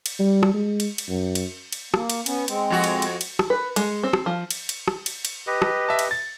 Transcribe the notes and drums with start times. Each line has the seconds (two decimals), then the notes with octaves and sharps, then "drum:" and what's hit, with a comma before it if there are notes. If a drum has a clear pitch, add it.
0.06 drum: cymbal
0.19 G3
0.43 drum: rim click
0.54 G#3
0.80 drum: cymbal
0.98 drum: cymbal
1.08 F#2
1.35 drum: cymbal
1.72 drum: cymbal
1.94 A#3, drum: rim click
2.10 drum: cymbal
2.26 B3 C#4, drum: cymbal
2.48 G#3 C4, drum: cymbal
2.70 F2 F#4
2.84 drum: cymbal
3.02 drum: cymbal
3.21 drum: cymbal
3.39 drum: rim click
3.50 B4
3.76 G#3, drum: cymbal
4.03 C4
4.13 drum: rim click
4.26 F3
4.50 drum: cymbal
4.69 drum: cymbal
4.88 drum: rim click
5.06 drum: cymbal
5.25 drum: cymbal
5.47 G4 B4 D#5
5.62 drum: rim click
5.89 E5 A5
5.99 drum: cymbal
6.11 A6